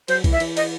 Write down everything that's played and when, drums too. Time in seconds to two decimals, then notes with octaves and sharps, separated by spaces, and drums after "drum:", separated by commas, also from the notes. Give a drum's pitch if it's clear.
0.08 F#3 C5, drum: cymbal
0.24 E3, drum: kick, cymbal
0.33 E5
0.40 E3, drum: cymbal
0.57 D#5, drum: cymbal